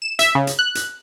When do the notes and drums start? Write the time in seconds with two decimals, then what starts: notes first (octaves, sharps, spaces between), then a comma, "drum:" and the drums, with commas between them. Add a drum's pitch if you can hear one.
0.02 E7
0.19 E5, drum: hi-hat
0.35 C#3
0.47 drum: hi-hat
0.59 F#6
0.75 drum: hi-hat